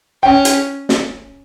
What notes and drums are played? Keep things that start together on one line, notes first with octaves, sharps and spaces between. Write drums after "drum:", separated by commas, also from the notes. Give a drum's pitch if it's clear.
C#4 G5
drum: hi-hat
drum: snare